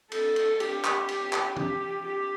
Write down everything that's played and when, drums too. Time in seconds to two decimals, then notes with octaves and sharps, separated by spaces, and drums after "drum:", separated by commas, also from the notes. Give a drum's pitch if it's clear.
0.12 A4, drum: cymbal
0.36 drum: cymbal
0.60 G4, drum: cymbal
0.84 drum: clap
1.09 drum: cymbal
1.33 drum: clap
1.56 G4, drum: tom
2.06 G4